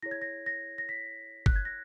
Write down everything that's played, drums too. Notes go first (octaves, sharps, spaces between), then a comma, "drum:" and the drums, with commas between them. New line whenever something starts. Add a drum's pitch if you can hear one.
E4 G#4 C#5 A#6
G#6
A#6
A#6
A#6
B6
F#6, drum: kick
G#6
A#6